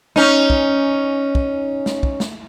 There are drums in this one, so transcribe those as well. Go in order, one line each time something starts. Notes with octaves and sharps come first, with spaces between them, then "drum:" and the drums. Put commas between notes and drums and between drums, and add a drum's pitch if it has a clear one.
C#4 D#4, drum: snare
drum: kick
drum: kick
drum: snare
drum: kick
drum: snare